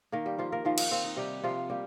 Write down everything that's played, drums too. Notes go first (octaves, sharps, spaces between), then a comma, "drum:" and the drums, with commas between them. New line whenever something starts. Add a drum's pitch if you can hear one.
D#3 A#3 A#4
G3 G4
F3 A#3 F4
A#3 A#4
D#3 F3 F4
D#4, drum: cymbal
A#3 C4
D#4
C3 G3 G4
C3 F3 F4
G3 A#3 G4